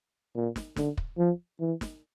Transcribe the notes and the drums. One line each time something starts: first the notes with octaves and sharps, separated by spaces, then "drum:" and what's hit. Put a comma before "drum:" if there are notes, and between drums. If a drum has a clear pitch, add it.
A#2
drum: snare
D3, drum: snare
drum: kick
F3
E3
drum: snare